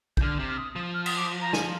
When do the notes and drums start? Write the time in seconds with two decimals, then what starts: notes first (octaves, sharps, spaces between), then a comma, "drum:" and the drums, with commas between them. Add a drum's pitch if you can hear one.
0.17 G6, drum: kick
0.22 D3 F6
0.39 C3
0.48 F6
0.57 D#6
0.76 F3
0.94 F6
1.06 D#6, drum: cymbal
1.18 D6
1.41 A#5
1.53 G#5, drum: snare